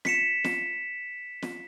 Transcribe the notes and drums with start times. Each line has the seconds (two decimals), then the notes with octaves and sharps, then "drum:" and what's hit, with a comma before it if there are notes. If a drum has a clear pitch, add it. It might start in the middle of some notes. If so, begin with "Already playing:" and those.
0.05 B6 C#7 E7, drum: snare
0.44 drum: snare
1.42 drum: snare